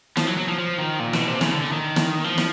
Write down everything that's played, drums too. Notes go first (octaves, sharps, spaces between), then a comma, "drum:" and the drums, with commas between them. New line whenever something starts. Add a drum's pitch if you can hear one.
F3, drum: snare
F#3
F#3
F3
F3
D#3
A#2
B2, drum: snare
C3
C#3, drum: snare
D3
D3
D#3
drum: snare
F3
drum: snare